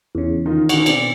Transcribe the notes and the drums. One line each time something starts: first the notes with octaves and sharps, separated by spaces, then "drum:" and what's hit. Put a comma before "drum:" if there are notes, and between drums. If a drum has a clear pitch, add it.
E2 C#3
D#3 D#4 F4
D3 D#3 D#4 F#4, drum: cymbal
B2 C4 D5, drum: cymbal